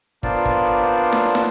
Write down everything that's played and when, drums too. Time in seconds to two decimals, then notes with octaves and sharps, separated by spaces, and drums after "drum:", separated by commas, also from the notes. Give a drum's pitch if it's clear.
0.23 A#3 B3 D4 F4 C5 D5, drum: kick
0.45 drum: kick
1.13 drum: snare
1.35 drum: snare